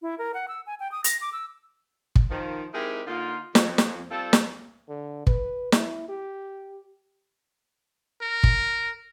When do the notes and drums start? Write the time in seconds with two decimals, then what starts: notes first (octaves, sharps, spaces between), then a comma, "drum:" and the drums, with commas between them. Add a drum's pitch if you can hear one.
0.02 E4
0.18 A#4
0.34 F#5
0.48 E6
0.67 G#5
0.80 G5
0.92 D#6
1.04 A#6, drum: hi-hat
1.21 D6
1.33 E6
2.16 drum: kick
2.30 D#3 F3
2.74 G#3 C4 D#4 E4 G4 A#4
3.07 D3 A#3 D#4 F4
3.55 F2, drum: snare
3.78 drum: snare
4.11 G3 C4 F4 A4
4.33 drum: snare
4.89 D3
5.27 B4, drum: kick
5.72 E4, drum: snare
6.08 G4
8.22 A#4
8.43 drum: kick